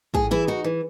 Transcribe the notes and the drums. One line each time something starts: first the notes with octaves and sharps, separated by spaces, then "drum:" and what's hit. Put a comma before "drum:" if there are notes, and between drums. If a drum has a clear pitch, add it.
A2 G#4, drum: kick
E3 E4
D#4 F#4
E3